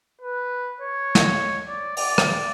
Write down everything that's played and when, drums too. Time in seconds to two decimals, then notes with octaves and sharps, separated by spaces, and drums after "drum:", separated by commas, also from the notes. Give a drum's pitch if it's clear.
0.22 B4
0.80 C#5
1.15 drum: snare
1.68 D5
1.97 D5, drum: open hi-hat
2.18 drum: rim click